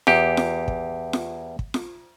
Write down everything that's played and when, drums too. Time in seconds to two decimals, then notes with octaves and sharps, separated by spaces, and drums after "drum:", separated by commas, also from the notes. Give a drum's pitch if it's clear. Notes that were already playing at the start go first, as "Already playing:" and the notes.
0.07 E2 G4, drum: snare F4
0.37 drum: snare F4
0.68 drum: kick
1.13 drum: snare F4
1.59 drum: kick
1.74 drum: snare F4